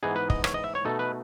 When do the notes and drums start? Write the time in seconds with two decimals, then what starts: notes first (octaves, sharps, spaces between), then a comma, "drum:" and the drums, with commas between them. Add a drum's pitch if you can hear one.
0.03 G#2 E3 B3 D#4 G#4
0.16 B4
0.30 D#5, drum: kick
0.44 C#5, drum: rim click
0.54 D#5
0.64 E5
0.75 C#5
0.85 B2 A3 D#4 A4
0.99 B4